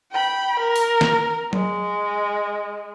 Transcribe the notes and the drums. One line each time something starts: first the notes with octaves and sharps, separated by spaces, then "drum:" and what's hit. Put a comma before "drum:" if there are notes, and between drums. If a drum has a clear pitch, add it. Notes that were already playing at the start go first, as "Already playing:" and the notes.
G5 B5
A#4
drum: open hi-hat
drum: snare
G#3, drum: tom F#3